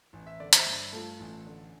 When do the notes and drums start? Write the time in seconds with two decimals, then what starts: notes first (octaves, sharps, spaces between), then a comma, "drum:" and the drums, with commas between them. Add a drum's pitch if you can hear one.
0.13 A1
0.27 E5
0.40 D3 D5
0.53 C5 E5, drum: hi-hat
0.66 G2
0.93 A3 F4 A4
1.20 A1
1.46 D3